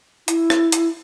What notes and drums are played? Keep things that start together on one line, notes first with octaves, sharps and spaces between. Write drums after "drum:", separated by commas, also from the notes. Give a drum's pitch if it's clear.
E4, drum: hi-hat
drum: rim click
drum: hi-hat